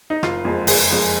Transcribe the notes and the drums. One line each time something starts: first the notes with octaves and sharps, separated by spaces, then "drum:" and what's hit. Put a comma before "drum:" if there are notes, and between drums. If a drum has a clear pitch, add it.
D#4
F#1 F4, drum: rim click
F2 F3 G#3
F#1 G#4, drum: open hi-hat
F2 F3 G#3